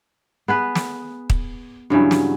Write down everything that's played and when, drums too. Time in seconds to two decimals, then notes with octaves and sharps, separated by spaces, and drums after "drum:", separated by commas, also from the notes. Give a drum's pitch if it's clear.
0.48 B3 G#4 B4
0.75 drum: snare
1.30 drum: kick
1.90 G2 C#3 E3 F#3
2.11 drum: snare